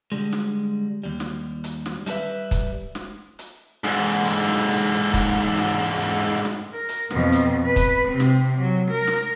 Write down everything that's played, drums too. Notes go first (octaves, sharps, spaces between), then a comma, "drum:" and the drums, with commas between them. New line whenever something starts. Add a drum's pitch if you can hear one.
D3 G3 G#3
drum: snare
D#2 G3
drum: snare
drum: hi-hat
drum: snare
G3 D#4 A4 B4 E5, drum: hi-hat
drum: kick, hi-hat
drum: snare
drum: hi-hat
G#2 D3, drum: snare
drum: hi-hat
drum: snare
drum: hi-hat
drum: kick, hi-hat
drum: snare
drum: hi-hat
drum: snare
A#4
drum: hi-hat
F2 B2, drum: snare
drum: hi-hat
B4
drum: kick, hi-hat
C3 C4
drum: snare
F#3
A#4
drum: snare